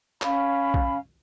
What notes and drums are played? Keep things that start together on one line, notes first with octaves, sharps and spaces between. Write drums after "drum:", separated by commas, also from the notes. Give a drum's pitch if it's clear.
C#4 F5 B5, drum: clap
drum: kick A#1